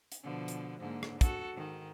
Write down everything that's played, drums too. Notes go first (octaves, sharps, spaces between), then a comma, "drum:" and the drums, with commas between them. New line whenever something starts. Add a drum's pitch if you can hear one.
drum: hi-hat
B2 D3 F3
drum: hi-hat
G#2 D3 A#3
drum: rim click
F#4 A4, drum: kick, hi-hat
G#2 D#3